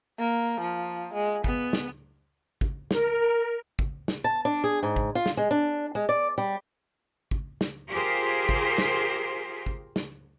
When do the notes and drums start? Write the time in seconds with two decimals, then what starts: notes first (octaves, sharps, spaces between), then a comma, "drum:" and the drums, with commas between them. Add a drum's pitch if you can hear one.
0.18 A#3
0.60 F3
1.14 G#3
1.44 B3, drum: kick
1.73 drum: snare
2.61 drum: kick
2.91 A#4, drum: snare
3.79 drum: kick
4.08 drum: snare
4.24 A5
4.45 D4
4.64 G#4
4.83 G#2
4.96 drum: kick
5.15 F4
5.26 drum: snare
5.37 G#3
5.51 D4
5.95 G#3
6.09 D5
6.38 G3
7.31 drum: kick
7.61 drum: snare
7.92 F4 G4 G#4 A#4 C5
8.49 drum: kick
8.78 drum: snare
9.66 drum: kick
9.96 drum: snare